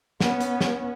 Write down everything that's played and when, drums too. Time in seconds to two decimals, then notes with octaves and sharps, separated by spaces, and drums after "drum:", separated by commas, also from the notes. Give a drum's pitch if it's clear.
0.20 B3 C#4, drum: snare
0.41 drum: hi-hat
0.61 drum: snare